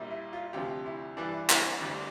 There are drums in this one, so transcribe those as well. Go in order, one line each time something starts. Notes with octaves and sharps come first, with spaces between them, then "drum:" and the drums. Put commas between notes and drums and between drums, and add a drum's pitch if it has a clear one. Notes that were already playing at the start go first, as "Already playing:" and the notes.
Already playing: A#1 A#2 G3 E4
E4
F4
D2 C3 F3 G4
E4
G2 E3 G3 D4
E4
D4, drum: clap
C4
D2 D3 G3 D4